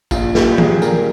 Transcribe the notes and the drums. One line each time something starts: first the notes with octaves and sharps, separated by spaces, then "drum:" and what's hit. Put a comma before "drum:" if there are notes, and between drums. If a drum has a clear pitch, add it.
A#1 F4, drum: kick A1, tambourine
A#2 G4, drum: snare
G3 G#4, drum: tom
A#1 A#4, drum: tambourine